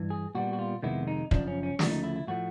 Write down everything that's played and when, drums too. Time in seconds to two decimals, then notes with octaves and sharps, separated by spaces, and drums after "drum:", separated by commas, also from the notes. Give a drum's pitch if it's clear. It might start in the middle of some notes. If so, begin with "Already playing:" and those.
Already playing: G2 E3
0.10 G#4
0.35 A#2 G3 B3 F#4
0.53 F#4
0.59 F4
0.83 F2 C3 D#3 G#3 B3 E4
1.08 D#4
1.31 F#2 C#3 F3 D4, drum: kick
1.47 C#4
1.63 C#4
1.79 D2 C#3 F3 A3 D4, drum: snare
1.91 D#4
2.03 E4
2.16 E4
2.27 A2 F3 A3 F#4